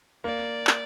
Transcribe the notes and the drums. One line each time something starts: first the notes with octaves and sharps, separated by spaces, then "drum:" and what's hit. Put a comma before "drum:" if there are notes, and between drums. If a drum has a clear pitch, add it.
A#3 D5
drum: clap